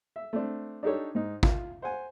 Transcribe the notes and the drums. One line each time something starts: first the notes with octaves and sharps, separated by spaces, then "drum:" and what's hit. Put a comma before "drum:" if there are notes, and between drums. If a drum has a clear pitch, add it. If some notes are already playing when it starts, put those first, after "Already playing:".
E5
A3 C4 D4
D4 D#4 G4 A4 C#5
G#2 D#4
F4, drum: kick
C5 F#5 G#5